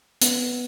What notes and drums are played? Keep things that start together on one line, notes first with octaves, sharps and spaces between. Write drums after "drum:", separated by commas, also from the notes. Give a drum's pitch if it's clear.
B3, drum: hi-hat